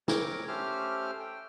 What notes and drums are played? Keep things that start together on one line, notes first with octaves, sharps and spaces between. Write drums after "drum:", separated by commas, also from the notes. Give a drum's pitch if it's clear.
C4 A#4 C#5 D6, drum: snare
A3 C#4 G4 A4 C5 F6
G5